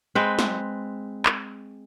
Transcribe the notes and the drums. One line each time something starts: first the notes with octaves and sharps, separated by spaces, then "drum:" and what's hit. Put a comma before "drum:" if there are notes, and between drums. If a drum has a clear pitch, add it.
G#3 C4 B4
drum: snare
drum: clap